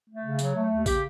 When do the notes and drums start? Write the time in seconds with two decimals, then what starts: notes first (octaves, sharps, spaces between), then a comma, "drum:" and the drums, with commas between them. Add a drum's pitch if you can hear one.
0.09 A3
0.24 C#3
0.39 F#3, drum: tambourine
0.55 A3
0.71 D#2
0.86 C#3 G4, drum: kick A1, tambourine